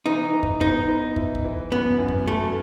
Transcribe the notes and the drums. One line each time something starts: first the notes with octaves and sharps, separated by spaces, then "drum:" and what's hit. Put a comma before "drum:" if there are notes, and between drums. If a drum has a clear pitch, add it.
E3 D#4
E3
drum: kick
B3 D#4, drum: kick
B3
E4, drum: kick
drum: kick
E3
F#2 B3
F#2
drum: kick
F#3 A3